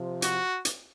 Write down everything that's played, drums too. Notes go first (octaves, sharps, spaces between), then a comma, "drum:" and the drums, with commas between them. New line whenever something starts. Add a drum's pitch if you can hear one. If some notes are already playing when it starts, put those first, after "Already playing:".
Already playing: C3 F3
F#4, drum: hi-hat
drum: hi-hat